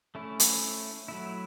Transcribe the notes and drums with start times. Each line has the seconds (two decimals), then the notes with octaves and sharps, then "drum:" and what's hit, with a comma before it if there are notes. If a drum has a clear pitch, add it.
0.15 A3 C#4 E4
0.40 drum: hi-hat
1.08 F#3 A3 E4